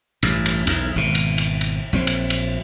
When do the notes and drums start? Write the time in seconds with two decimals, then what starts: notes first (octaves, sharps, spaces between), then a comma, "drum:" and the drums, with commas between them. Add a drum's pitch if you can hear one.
0.23 A1 G2, drum: cymbal
0.46 drum: cymbal
0.67 B1 E2, drum: cymbal
0.96 G#1 B2
1.15 drum: cymbal
1.38 drum: cymbal
1.61 drum: cymbal
1.93 A#1 F#3 C4
2.07 drum: cymbal
2.30 drum: cymbal